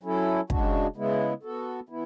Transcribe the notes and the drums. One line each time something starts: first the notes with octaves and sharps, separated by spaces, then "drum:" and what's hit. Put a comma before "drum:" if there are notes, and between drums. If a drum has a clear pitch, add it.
F#3 C#4 E4 A4
C#3 G#3 D4 F#4, drum: kick
C#3 G#3 B3 E4
B3 F#4 A4
E3 B3 E4